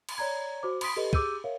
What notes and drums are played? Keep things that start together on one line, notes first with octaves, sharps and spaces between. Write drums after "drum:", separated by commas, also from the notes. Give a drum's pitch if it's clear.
drum: cymbal
C#5 D5 A#5 G#6
F#4 C5 D6
B5 C6 D#6 B6 D7, drum: cymbal
G4 A4 B4 D#5
G4 G#4 D6 E6 G6 D#7, drum: kick
A#4 C#5 E5 F5